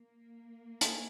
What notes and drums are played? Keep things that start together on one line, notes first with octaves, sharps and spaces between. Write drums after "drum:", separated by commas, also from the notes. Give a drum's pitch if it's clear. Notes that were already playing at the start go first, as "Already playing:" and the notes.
Already playing: A#3
A3 C4 E4 G#4, drum: hi-hat